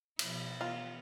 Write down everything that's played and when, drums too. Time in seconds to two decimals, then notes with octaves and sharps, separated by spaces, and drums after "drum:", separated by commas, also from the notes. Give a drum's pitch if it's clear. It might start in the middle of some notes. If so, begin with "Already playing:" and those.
0.19 B2 F3 E4, drum: cymbal
0.61 E3 B3 F4